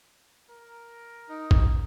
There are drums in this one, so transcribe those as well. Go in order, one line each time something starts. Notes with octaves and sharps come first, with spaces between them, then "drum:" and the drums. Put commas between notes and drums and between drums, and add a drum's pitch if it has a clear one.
A#4
D#4
drum: kick A#1